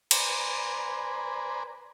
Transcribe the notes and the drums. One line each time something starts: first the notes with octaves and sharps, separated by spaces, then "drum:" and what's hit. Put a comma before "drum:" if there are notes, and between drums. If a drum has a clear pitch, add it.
B4 C5 D5 G#5 A#5, drum: cymbal